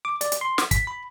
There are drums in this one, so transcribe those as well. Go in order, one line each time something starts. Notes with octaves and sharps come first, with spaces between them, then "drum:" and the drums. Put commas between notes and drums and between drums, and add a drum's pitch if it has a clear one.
D6
D5, drum: hi-hat
drum: hi-hat
C6
drum: snare
B6, drum: kick, hi-hat
B5